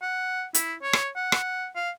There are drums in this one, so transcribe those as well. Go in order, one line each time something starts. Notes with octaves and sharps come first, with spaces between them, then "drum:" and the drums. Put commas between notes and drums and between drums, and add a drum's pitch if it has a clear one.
F#5
E4, drum: hi-hat
C#5
drum: rim click
F#5
drum: rim click
F5